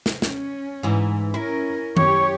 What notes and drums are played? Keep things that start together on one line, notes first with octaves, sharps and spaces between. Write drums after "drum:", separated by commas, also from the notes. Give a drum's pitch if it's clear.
drum: snare
C#4, drum: snare
G#2 E3
C#4 E4 A#4
F#2 G4 C#5 C#6, drum: tom D#3